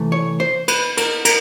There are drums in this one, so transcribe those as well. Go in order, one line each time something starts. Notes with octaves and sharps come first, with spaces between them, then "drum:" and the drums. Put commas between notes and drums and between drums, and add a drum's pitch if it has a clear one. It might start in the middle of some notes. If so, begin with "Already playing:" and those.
Already playing: C3 E3 A3
C#5
C5
B4, drum: cymbal
A#4, drum: cymbal
A#4, drum: cymbal